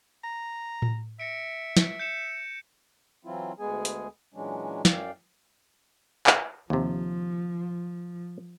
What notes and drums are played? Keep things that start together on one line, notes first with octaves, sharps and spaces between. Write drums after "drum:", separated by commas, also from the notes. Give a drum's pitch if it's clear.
A#5
drum: tom A2
E5 A#6 C#7 D7
drum: snare
G6 C#7 E7
E3 F#3 C4 E4 F4
D2 G#3 B3 G#4 G#5
drum: hi-hat
A#2 E3 F#3 G#3 C#4 D4
F#2 D5 F5 G5, drum: snare
drum: clap
D#2 C3 F3